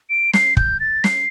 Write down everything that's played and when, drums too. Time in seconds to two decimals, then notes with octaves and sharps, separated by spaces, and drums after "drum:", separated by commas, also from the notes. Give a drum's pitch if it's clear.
0.10 D7
0.33 C7, drum: snare
0.57 G6, drum: kick
0.80 A6
1.04 C7, drum: snare